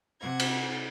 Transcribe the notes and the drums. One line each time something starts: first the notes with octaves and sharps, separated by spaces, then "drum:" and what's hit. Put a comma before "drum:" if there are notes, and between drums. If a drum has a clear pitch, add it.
C3 F#5 G#6
drum: cymbal